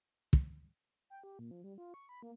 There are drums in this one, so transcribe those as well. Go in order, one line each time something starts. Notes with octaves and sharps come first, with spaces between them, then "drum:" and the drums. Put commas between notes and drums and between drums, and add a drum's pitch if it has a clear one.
drum: kick
G5
G4
A#2
F3
G3
F4
C#6
B5
A#3